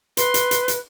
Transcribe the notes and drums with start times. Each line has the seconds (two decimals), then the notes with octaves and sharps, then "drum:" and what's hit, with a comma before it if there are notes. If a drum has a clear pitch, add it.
0.17 B4 C6, drum: hi-hat
0.34 drum: hi-hat
0.51 drum: hi-hat
0.68 drum: hi-hat